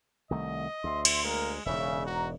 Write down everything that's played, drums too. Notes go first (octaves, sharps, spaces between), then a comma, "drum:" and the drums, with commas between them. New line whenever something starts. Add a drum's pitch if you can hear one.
C2 D#3 A3 D#5
D2 E5 C6
drum: cymbal
G#3 A#3 A#4
E1 G#2 C#3 E5
F#4 A#5